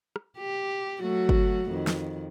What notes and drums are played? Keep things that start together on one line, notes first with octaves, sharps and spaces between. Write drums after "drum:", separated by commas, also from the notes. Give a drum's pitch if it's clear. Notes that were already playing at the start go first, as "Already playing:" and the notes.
drum: rim click
G4
F#3 A3 F#4
drum: kick G1
F2 D#3
drum: snare